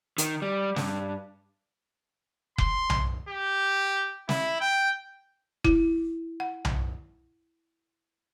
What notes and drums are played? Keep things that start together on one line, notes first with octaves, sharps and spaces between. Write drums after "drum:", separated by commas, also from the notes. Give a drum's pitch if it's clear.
D#3, drum: hi-hat
G3
G2, drum: snare
C6, drum: kick F1
drum: tom B1
G4
E4, drum: snare
G5
E4, drum: kick F1
F#5
drum: tom B1